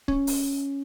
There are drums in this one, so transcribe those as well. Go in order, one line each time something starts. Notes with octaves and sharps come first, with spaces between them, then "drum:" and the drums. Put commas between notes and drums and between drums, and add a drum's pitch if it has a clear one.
C#4, drum: kick C#1
drum: open hi-hat